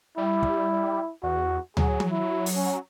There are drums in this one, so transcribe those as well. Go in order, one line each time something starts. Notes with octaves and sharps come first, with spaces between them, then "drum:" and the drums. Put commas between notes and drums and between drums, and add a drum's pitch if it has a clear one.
G3 E4
drum: kick
E2 F#4
F#3 G#4, drum: tom D2
drum: tom E3
E4
drum: open hi-hat
C#4